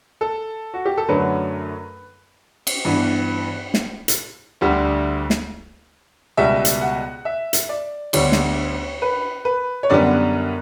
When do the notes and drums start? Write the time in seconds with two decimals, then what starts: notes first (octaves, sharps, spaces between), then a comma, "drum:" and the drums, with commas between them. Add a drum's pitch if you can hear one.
0.21 A4
0.74 F#4
0.86 G4
0.97 A4
1.09 F#2 D3 F#3 A3 B4
2.67 drum: cymbal
2.85 G2 E3 B3
3.74 drum: snare
4.08 drum: hi-hat
4.61 D2 D3 G3
5.30 drum: snare
6.37 C#2 B2 G3 B3 E5
6.65 drum: hi-hat
6.81 F#5
7.25 E5
7.53 drum: hi-hat
7.69 D5
8.13 D2 D3 G3 B3 C#5, drum: cymbal
8.32 drum: snare
9.02 B4
9.45 B4
9.83 C#5
9.90 F#2 D3 G3 B3 D5